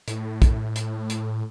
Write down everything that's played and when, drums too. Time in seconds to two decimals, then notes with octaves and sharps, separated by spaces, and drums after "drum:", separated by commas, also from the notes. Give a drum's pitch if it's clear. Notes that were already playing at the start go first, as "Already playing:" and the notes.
0.08 A2, drum: hi-hat
0.42 drum: kick, hi-hat
0.76 drum: hi-hat
1.10 drum: hi-hat